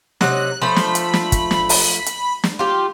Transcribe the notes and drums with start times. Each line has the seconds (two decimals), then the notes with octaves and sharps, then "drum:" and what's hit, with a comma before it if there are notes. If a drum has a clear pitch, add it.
0.21 C3 F#3 D#4 F#6, drum: snare
0.62 F3 A3 C5 B5
0.76 drum: snare
0.95 drum: hi-hat
1.14 drum: snare
1.32 drum: kick, hi-hat
1.51 drum: snare
1.69 drum: open hi-hat
2.06 drum: hi-hat
2.44 drum: snare
2.59 F4 G4